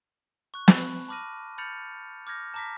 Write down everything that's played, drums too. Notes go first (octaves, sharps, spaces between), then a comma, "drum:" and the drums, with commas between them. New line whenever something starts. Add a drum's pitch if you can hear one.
C#6 F#6
B5 C#6 F#6, drum: snare
A5 B5 D6 F6 A#6 D#7
B5 F6 G6 A6 C#7 F7
D6 F6 G6 G#6 A#6
A5 A#5 D6 A#6 B6